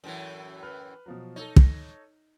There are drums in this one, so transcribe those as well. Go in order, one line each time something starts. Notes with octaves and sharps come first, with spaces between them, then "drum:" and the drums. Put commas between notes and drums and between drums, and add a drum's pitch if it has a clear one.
F#2 A2 E3
B4 F6
B2 F3 F#3
D#4 A4 C#5
drum: kick